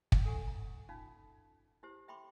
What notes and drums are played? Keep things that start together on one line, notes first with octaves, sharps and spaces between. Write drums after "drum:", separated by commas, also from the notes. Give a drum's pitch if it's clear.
drum: kick
D4 A4 F#5 G#5 C#6
A#5
C#4 D#4 F4 F5
E4 G4 C5
E5 G5 B5 C6 D6